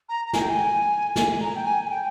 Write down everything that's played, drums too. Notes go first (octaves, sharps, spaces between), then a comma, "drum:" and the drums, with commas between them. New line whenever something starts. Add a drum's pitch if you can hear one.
A#5
A#5
G#5, drum: snare
G5
G#5
drum: snare
A#5
G5
G#5
G#5
G5